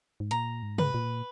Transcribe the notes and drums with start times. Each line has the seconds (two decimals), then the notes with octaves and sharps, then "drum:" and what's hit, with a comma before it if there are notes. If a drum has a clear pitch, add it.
0.20 G#2
0.31 A#2 A#5, drum: hi-hat
0.63 G#2
0.78 B4, drum: tom
0.94 A#2